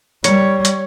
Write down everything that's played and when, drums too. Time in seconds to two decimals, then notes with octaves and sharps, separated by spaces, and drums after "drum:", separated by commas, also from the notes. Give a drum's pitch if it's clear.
0.24 G3 C#5, drum: hi-hat
0.65 drum: hi-hat